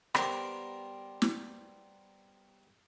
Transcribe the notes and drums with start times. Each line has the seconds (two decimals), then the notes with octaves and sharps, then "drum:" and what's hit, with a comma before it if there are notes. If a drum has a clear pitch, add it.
0.15 G3 B3 G4 A#4 C5 G5, drum: rim click
1.22 drum: snare